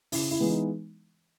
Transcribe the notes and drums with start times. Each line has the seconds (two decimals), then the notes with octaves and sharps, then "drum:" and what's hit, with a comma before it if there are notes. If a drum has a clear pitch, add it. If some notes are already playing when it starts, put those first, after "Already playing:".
0.12 C#3 E4, drum: open hi-hat
0.31 E4
0.40 E3 G#3 B3
0.49 D#4